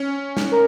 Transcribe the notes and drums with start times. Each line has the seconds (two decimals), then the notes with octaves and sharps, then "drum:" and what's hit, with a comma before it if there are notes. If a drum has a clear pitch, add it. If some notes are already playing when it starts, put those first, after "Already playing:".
Already playing: C#4
0.37 drum: snare
0.52 A#4